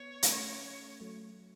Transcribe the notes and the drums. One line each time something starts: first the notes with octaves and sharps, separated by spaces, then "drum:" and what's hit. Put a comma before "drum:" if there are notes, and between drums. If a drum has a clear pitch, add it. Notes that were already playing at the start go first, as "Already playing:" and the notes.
Already playing: B3 C#5
A3 C#4, drum: hi-hat
F#3 A3